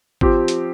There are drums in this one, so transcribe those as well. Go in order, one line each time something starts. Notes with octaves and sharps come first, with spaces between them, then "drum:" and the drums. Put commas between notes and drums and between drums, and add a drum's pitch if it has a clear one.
F3 C4 G4, drum: kick G#1
drum: hi-hat